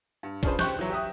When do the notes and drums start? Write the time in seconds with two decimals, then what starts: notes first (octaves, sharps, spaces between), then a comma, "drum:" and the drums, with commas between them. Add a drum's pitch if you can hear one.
0.23 G2
0.43 C#4 D4 F4 G#4 B4 C5, drum: kick A1, hi-hat
0.59 G4 C5 C#6 F#6 G6, drum: snare
0.79 E3 F#3
0.90 G4 E5 D#6